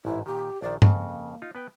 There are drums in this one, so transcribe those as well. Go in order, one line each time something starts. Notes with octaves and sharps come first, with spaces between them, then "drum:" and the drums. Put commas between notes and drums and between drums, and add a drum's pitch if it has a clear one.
A1 G#2 E4
A#2 D#3 G4
A#1 D#3 D5
F2 C#3 A#3, drum: tom G2
D#4 F4
B3 B4 G5